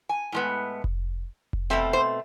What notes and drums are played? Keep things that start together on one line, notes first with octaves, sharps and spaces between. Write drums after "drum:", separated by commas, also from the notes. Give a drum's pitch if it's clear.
G#5
A2 G#3 B3
drum: kick F1
drum: kick F1
B2 A3 C4 E5
C5